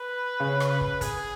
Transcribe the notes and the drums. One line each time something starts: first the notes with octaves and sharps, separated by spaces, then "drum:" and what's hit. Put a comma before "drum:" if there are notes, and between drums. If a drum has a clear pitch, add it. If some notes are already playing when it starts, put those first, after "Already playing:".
Already playing: B4
C#3
drum: rim click
drum: kick
G#4, drum: kick, hi-hat